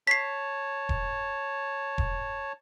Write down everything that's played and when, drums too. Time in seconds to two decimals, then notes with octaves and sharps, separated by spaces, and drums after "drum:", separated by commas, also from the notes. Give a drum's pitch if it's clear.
0.07 C#5 A5 B6 C7
0.89 drum: kick E1
1.98 drum: kick E1